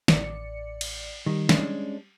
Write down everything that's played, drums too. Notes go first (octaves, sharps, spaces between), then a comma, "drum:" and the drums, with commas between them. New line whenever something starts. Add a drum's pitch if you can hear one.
A1 D5 C#7, drum: snare
drum: cymbal
D#3 G3
G#3 C#4 D4, drum: snare